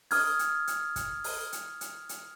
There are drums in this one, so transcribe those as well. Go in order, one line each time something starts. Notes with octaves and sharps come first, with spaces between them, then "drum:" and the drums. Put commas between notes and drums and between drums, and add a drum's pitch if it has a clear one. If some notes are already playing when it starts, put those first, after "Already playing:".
D#6 F6 G#6, drum: open hi-hat
drum: hi-hat
drum: hi-hat
drum: kick, hi-hat
drum: open hi-hat
drum: hi-hat
drum: hi-hat
drum: hi-hat